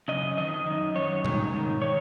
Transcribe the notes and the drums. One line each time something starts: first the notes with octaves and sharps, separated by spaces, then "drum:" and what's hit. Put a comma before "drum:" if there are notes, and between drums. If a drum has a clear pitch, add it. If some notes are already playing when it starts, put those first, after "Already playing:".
F#2 C#3 D#5
F2 D#3 D#5
F#2 D#3
F#2 D#3 C#5
G#2 D#3, drum: tom B2
G#2 D#3
D#3 C#5